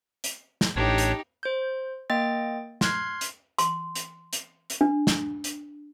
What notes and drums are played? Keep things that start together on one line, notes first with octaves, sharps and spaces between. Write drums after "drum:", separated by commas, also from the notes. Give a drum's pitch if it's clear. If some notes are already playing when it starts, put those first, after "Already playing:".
drum: hi-hat
drum: snare
A1 D4 D#4 G4 C#5
drum: hi-hat
C5 G6
A#3 D#5 G5 A6
C6 F6 F#6 G#6 C7, drum: snare
drum: hi-hat
C6, drum: hi-hat
drum: hi-hat
drum: hi-hat
drum: hi-hat
D4
drum: snare
drum: hi-hat